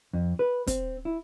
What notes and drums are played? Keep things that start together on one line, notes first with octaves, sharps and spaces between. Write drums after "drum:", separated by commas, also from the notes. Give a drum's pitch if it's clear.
F2
B4
C4, drum: kick, hi-hat
E4